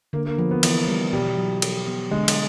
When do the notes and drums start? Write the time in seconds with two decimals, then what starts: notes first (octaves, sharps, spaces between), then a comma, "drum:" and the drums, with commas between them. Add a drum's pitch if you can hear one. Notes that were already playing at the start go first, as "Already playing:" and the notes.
0.13 D3 A#3
0.26 A#3
0.38 F3 B3
0.51 B3
0.63 E3 A#3, drum: cymbal
0.88 G3
1.13 B2 G3
1.37 F#3
1.62 G3, drum: cymbal
1.87 B3
2.11 D3 G#3
2.28 drum: cymbal